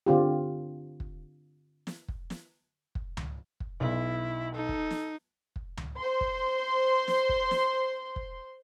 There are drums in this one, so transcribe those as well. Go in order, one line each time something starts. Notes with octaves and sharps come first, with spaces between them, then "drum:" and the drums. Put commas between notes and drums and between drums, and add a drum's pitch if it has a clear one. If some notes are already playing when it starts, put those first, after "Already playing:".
D3 C4 F4 G4
drum: kick
drum: snare
drum: kick
drum: snare
drum: kick
drum: tom C#2
drum: kick
B1 E4
D#4 A4
drum: kick
drum: snare
drum: kick
drum: tom C#2
C5 C6
drum: kick
drum: snare
drum: kick
drum: snare
drum: kick